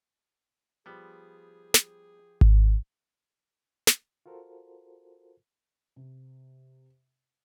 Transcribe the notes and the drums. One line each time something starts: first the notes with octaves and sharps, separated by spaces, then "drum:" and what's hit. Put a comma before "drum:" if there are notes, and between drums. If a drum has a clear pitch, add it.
F3 G3 B3 G4 G#4 C5
drum: snare
drum: kick G#1
drum: snare
F4 F#4 A4 A#4 C5
C3